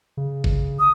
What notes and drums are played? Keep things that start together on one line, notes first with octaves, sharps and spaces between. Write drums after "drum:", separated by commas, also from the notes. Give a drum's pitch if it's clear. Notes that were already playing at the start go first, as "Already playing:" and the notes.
C#3
drum: kick
D#6